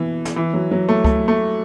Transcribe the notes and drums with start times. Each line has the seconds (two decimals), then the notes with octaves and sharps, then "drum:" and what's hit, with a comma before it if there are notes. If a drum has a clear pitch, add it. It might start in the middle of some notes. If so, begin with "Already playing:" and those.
Already playing: B2 E3
0.25 drum: snare
0.36 E3
0.54 F#3
0.71 F#3
0.89 A3
1.04 A3, drum: kick C#2
1.28 A3